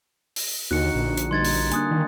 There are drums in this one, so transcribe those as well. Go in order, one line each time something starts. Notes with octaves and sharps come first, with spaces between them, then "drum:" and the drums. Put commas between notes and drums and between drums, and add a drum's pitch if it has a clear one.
drum: open hi-hat
D#2 D3 D#4 F#4 F#6 C#7
A#1
drum: hi-hat
D3 G3 D#4 C6 G#6 A6
drum: open hi-hat
A#3 D4 G#5 D#6 F#6, drum: hi-hat
D#3